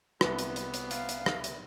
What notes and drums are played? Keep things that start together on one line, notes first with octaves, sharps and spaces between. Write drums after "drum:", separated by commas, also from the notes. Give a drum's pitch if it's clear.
C2 B3 B4, drum: rim click
drum: hi-hat
drum: hi-hat
drum: hi-hat
F5, drum: hi-hat
drum: hi-hat
drum: rim click
drum: hi-hat